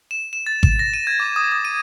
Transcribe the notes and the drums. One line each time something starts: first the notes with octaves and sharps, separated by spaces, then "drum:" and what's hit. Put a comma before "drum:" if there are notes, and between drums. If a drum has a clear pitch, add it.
E7
E7
A6
E7, drum: kick G#1
A#6
D#7
G#6
D6
D#6
D#6
D#7